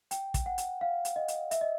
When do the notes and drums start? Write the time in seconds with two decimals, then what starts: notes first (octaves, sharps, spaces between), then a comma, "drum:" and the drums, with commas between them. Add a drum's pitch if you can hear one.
0.11 G5, drum: hi-hat
0.34 drum: kick, hi-hat
0.46 F#5
0.58 drum: hi-hat
0.81 F5
1.05 drum: hi-hat
1.16 D#5
1.28 drum: hi-hat
1.51 E5, drum: hi-hat
1.61 D#5